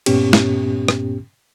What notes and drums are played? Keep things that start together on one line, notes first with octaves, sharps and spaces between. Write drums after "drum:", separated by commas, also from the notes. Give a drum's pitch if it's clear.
G2 A#2 B3 C#4 G4, drum: cymbal
drum: snare
drum: rim click